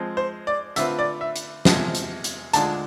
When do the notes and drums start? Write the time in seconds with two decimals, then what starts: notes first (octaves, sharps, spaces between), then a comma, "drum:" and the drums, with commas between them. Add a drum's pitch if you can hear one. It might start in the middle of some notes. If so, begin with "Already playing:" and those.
Already playing: F3 G#3 C4
0.17 C5
0.47 D5
0.76 D3 A3 C4 F4 B4 E5, drum: hi-hat
0.99 D5
1.21 E5
1.36 drum: hi-hat
1.65 E2 C3 F3 G#3, drum: snare
1.95 drum: hi-hat
2.24 drum: hi-hat
2.53 D2 D3 G#3 D4 F4 A5, drum: hi-hat